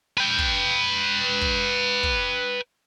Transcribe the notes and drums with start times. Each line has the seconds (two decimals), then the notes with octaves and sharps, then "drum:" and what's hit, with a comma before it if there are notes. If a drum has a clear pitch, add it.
0.18 B4 G5
0.38 drum: kick
1.41 drum: kick
2.03 drum: kick